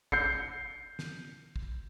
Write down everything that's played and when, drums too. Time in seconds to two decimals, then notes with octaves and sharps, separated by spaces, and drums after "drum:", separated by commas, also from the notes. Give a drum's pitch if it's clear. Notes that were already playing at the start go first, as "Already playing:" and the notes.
0.12 G6 C7 C#7, drum: kick
0.99 drum: snare
1.56 drum: kick